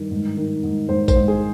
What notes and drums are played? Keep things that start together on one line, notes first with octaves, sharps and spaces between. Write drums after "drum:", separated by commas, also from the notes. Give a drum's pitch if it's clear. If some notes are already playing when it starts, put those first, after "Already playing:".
Already playing: G2 D#3
G#2
D#3
G#2
G#2 C5
C5, drum: kick A1, tambourine
G#2
G#4